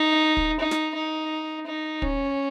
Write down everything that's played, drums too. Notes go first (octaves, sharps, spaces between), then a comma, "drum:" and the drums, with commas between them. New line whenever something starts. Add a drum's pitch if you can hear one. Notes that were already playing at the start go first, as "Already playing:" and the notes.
Already playing: D#4
drum: kick
D#4
drum: snare
D#4
D#4
C#4, drum: kick